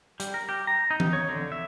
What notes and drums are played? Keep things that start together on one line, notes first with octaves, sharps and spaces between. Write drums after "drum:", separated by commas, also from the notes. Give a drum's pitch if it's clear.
G3, drum: hi-hat
A#4
G4
A#5
D#4
drum: tom E3
C#5
D3
E5